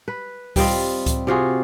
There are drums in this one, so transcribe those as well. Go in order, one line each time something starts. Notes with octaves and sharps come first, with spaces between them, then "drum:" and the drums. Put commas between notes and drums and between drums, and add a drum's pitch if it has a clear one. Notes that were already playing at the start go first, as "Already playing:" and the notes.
B4
G3 C4 F4 D#5, drum: kick C#2, open hi-hat
drum: kick C#2, hi-hat
C3 F4 F#4 G#4